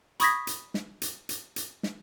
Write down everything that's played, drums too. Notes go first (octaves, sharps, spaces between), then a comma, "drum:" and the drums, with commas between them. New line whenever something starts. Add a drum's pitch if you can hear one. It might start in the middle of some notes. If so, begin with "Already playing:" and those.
B5 C#6 D#6 G#6 A#6 B6, drum: hi-hat
drum: hi-hat
drum: snare
drum: hi-hat
drum: hi-hat
drum: hi-hat
drum: snare